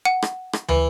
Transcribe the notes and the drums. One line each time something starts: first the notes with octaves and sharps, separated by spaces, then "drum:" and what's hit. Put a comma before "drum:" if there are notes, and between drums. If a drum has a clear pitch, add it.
F#5
drum: rim click
drum: rim click
E3, drum: tom